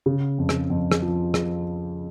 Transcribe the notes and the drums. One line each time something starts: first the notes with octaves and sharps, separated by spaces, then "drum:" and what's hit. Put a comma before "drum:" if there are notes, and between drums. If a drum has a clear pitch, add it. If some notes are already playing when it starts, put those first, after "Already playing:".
C#3
F2
drum: rim click
F2
drum: rim click
F3
drum: rim click